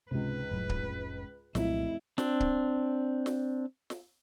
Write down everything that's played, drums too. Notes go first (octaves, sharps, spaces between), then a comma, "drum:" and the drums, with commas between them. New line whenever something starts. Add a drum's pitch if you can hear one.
C#2 G#2 C3 B4
F1 A2 F#3
drum: kick C#1
F1 C2 A#2 F#3 E4, drum: snare
C4 D4, drum: snare
drum: kick C#1
drum: snare
drum: snare